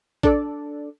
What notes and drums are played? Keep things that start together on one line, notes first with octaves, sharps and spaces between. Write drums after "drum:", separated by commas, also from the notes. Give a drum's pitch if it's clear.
D4 A4 D5, drum: kick A#1